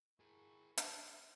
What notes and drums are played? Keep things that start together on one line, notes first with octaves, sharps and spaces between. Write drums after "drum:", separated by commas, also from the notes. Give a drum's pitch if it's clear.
E4 G#4 A#4 C#6
G#4 D5, drum: hi-hat